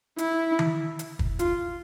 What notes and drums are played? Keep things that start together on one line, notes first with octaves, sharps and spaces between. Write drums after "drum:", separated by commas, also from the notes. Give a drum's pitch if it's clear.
E4, drum: hi-hat
drum: tom D#3
drum: hi-hat
drum: kick
F4, drum: hi-hat